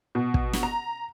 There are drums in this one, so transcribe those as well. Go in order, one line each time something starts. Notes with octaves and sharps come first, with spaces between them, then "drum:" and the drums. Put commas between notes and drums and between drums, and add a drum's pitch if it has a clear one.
B2
drum: kick
drum: snare
A#5